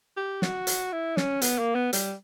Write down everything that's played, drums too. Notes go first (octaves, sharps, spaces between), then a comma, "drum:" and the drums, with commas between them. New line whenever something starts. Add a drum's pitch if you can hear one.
G4
F#4, drum: snare
drum: hi-hat
E4
C#4, drum: snare
B3, drum: hi-hat
A#3
B3
G3, drum: hi-hat